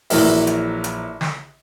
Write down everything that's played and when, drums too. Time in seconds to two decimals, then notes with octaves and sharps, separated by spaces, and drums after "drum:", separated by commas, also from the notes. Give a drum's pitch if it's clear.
0.10 A#1 E3 F#3 A#4 E5, drum: open hi-hat
0.47 drum: hi-hat
0.84 drum: hi-hat
1.21 drum: snare